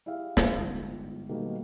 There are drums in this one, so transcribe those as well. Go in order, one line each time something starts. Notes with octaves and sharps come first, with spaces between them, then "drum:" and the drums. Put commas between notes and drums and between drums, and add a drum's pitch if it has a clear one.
E4 G4 G#4 E5 F5
drum: snare
G1 G#2 F3
B2 D#3 G3 A3 A#3